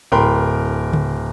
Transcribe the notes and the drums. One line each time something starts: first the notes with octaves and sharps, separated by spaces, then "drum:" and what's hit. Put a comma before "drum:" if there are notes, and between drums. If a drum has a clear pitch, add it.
D1 A#4 G5 B5 C6
drum: tom C#3